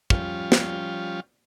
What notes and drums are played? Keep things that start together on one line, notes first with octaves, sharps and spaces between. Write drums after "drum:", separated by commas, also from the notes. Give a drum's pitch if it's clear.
F3 G3 C#4 F4, drum: kick
drum: snare